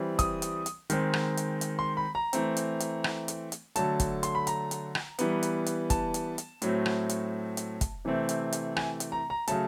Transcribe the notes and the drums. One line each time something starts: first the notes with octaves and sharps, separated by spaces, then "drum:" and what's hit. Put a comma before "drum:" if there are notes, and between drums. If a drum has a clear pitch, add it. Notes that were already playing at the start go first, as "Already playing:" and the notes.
Already playing: E3 G3 C4
D#6, drum: kick, hi-hat
drum: hi-hat
drum: hi-hat
D#3 G#3 C4, drum: hi-hat
drum: rim click
drum: hi-hat
drum: hi-hat
C6
B5
A#5
E3 A3 C4, drum: hi-hat
drum: hi-hat
drum: hi-hat
drum: rim click
drum: hi-hat
drum: hi-hat
D3 F#3 A3 A5, drum: hi-hat
drum: kick, hi-hat
C6, drum: hi-hat
B5
A#5, drum: hi-hat
drum: hi-hat
drum: rim click
E3 G3 B3, drum: hi-hat
drum: hi-hat
drum: hi-hat
A5, drum: kick, hi-hat
drum: hi-hat
drum: hi-hat
A2 F#3 A3 C4, drum: hi-hat
drum: rim click
drum: hi-hat
drum: hi-hat
drum: kick, hi-hat
C3 E3 A3 C4
drum: hi-hat
drum: hi-hat
G#5, drum: rim click
drum: hi-hat
A#5
A#5
C#3 F#3 A3 A5, drum: hi-hat